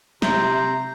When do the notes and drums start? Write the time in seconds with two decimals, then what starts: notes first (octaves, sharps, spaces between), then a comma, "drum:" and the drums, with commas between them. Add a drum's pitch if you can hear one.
0.22 C3 C5 E5 A#5, drum: snare